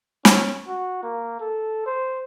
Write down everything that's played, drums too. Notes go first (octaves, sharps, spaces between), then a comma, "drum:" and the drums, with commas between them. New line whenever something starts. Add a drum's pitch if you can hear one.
C#4, drum: snare
F#4
A#3
A4
C5